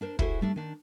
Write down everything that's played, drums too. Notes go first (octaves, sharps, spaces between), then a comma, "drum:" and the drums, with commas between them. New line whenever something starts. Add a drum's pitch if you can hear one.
D4 A#4 C5
E4 F#4 G#4 A4 B4 C5, drum: kick
G3 A3 D4
D#3 D4